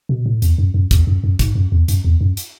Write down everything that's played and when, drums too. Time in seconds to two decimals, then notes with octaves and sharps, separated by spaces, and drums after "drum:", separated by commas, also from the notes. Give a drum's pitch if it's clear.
0.09 B2
0.26 A2
0.42 E2, drum: hi-hat
0.58 F#2
0.74 F#2
0.91 E2, drum: kick, hi-hat
1.07 F#2
1.24 F#2
1.39 G#2, drum: kick, hi-hat
1.55 F#2
1.72 E2
1.88 F#2, drum: hi-hat
2.05 E2
2.21 F#2
2.37 drum: hi-hat